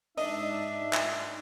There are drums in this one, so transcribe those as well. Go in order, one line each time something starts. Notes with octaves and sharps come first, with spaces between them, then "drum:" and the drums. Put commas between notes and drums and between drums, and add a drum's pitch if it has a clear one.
G#2 D4 D#4 D#5 E5, drum: open hi-hat
drum: clap